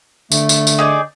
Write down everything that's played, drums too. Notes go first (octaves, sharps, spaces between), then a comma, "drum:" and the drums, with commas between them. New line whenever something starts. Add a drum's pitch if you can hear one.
D3 A3, drum: tambourine
drum: tambourine
drum: tambourine
D#4 G#4 D5